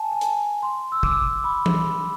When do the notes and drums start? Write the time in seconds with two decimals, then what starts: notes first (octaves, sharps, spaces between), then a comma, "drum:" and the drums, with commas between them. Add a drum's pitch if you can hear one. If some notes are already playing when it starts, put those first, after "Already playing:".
Already playing: G#5 A5
0.12 G#5
0.21 A5, drum: hi-hat
0.63 C6
0.92 E6
1.03 D6, drum: kick
1.44 B5
1.66 drum: tom E3